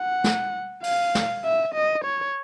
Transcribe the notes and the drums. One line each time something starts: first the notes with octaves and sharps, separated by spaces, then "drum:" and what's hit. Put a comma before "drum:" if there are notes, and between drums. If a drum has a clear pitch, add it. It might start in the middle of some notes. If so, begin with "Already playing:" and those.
Already playing: F#5
drum: snare
F5, drum: open hi-hat
drum: snare
E5
D#5
C#5